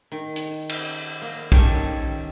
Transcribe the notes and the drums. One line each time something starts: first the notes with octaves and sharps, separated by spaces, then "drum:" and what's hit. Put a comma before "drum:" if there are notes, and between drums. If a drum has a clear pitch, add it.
D#3
drum: hi-hat
drum: cymbal
A#3
D#3 C#4 G4 A4 G#5, drum: kick